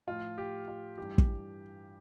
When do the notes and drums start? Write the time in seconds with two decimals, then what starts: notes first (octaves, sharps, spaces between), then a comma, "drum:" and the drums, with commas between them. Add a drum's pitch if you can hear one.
0.07 A2 F3 F4
0.38 G4
0.68 F4
0.98 G2 E3 G4
1.18 drum: kick